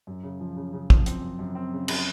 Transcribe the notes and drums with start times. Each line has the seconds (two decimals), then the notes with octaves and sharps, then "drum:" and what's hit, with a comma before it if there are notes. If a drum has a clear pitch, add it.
0.07 F#2
0.23 C#3
0.40 F3
0.56 C#3
0.73 C#3
0.90 F3, drum: kick
1.06 C4, drum: hi-hat
1.22 F#2
1.39 F#2
1.55 C4
1.73 C#3
1.88 C#3, drum: cymbal